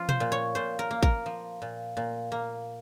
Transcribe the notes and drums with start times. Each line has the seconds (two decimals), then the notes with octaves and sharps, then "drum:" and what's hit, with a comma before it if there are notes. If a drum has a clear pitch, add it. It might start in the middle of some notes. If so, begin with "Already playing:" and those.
Already playing: F3 F4
0.09 C5, drum: tom B2
0.20 A#2
0.32 C#5
0.55 A#2 C5
0.79 A#4
0.91 A#3
1.03 A#4, drum: kick
1.26 F3
1.62 A#2
1.97 A#2
2.32 A#3